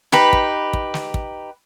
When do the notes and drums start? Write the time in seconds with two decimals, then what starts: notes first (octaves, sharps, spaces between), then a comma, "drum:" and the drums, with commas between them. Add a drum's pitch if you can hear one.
0.12 D#4 G4 B4 B5, drum: snare
0.33 drum: kick
0.73 drum: kick
0.94 drum: snare
1.14 drum: kick